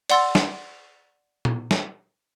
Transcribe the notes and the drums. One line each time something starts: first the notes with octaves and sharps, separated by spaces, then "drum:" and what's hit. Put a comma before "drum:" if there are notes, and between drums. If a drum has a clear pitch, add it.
D5 F#5 C6 E6 A6, drum: cymbal
drum: snare
drum: tom A#2
drum: snare